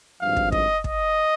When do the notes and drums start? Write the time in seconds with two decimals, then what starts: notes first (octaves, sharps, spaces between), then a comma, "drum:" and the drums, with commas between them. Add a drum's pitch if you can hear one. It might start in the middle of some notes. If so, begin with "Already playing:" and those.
0.21 G#1 G2 F3 F5
0.36 drum: kick
0.52 D#5, drum: kick
0.84 D#5, drum: kick